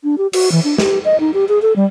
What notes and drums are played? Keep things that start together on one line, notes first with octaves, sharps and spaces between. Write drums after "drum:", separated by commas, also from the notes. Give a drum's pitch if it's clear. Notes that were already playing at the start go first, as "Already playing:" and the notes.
D4
G4
F#4, drum: cymbal
E3
D4
G4, drum: snare
D#5
D#4
G4
G#4
A4
G3